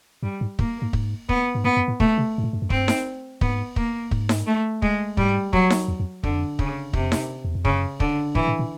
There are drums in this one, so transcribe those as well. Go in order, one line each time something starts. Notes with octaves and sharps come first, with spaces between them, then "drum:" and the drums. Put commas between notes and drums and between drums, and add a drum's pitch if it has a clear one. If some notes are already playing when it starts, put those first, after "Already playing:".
G2 G3
G#2
G#2 A#3, drum: kick
G#2
G#2, drum: kick
B3, drum: kick
G#2
G2 B3
F#2
A2
A#2 A3, drum: kick
C3
G#2
A2
G2
F#2
G2 C4, drum: kick
drum: snare D#4
G#2 B3, drum: kick
A#3, drum: kick
G#2, drum: kick
drum: snare D#4
A3
G#3, drum: kick
G#2 G3, drum: kick
F#3, drum: kick
drum: snare D#4
E2
F2
F2 D3, drum: kick
C#3, drum: kick
F2 C3, drum: kick
drum: snare D#4
E2
F2
F#2 C#3, drum: kick
D3, drum: kick
G#2 E3, drum: kick
A2
A#2